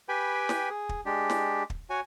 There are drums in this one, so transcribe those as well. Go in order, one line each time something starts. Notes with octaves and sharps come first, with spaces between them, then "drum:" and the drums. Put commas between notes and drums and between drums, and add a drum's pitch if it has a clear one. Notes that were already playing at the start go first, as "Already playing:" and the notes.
G4 B4 G5 G#5 B5
drum: snare
G#4
drum: kick
G#3 D4 G4
drum: snare
drum: kick
F#4 C#5 G#5